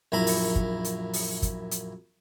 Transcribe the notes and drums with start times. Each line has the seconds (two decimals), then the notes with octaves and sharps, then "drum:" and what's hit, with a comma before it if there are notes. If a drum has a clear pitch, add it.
0.12 A#1 F#2 E4 A#5 B5
0.27 drum: open hi-hat
0.56 drum: kick
0.84 drum: hi-hat
1.13 drum: open hi-hat
1.42 drum: kick, hi-hat
1.71 drum: hi-hat